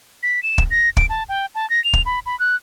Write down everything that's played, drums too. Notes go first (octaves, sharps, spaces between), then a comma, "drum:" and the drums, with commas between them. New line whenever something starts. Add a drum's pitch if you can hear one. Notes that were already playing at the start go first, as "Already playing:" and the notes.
B6
E7
drum: kick
A#6
D7, drum: kick
A5
G5
A5
A#6
F7
drum: kick
B5
B5
F#6